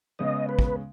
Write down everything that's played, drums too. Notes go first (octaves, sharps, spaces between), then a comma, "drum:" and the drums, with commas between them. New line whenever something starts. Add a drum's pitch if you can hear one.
C#3 G#3 B3 D#5
B4
drum: kick